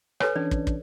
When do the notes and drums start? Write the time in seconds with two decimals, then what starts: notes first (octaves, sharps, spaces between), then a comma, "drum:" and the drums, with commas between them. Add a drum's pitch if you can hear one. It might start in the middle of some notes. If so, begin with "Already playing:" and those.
0.20 A4 B4 C#5 G#5, drum: rim click
0.36 E3 C#4 D4 D5
0.51 drum: kick
0.67 drum: kick